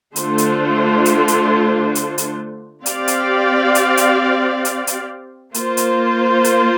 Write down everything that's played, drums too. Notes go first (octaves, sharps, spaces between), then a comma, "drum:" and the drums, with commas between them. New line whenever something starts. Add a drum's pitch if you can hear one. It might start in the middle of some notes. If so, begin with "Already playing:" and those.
D3 A3 D4 F4 C5, drum: hi-hat
drum: hi-hat
drum: hi-hat
drum: hi-hat
drum: hi-hat
drum: hi-hat
C4 G4 D5 F5, drum: hi-hat
drum: hi-hat
drum: hi-hat
drum: hi-hat
drum: hi-hat
drum: hi-hat
A#3 F4 C5, drum: hi-hat
drum: hi-hat
drum: hi-hat